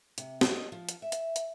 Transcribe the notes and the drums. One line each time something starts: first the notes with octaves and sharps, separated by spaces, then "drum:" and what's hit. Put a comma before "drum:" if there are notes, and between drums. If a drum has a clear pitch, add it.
C3, drum: hi-hat
drum: snare
D#5
F3
drum: hi-hat
E5
drum: hi-hat
drum: hi-hat